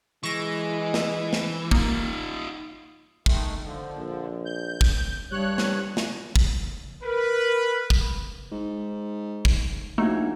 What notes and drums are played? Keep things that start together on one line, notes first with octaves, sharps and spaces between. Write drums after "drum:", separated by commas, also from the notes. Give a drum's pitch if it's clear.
E3 G#3 C#6 A#6
drum: snare
drum: snare
A#3 D#4 F4, drum: kick
D#3 G#3 A3, drum: kick
D3 F3
A#1
G6
drum: kick
G2 G3 C#5 F#6
drum: snare
drum: snare
drum: kick
A#4 B4
drum: kick
G#2
drum: kick
A#1 A3 A#3 D#4 F#4 G#5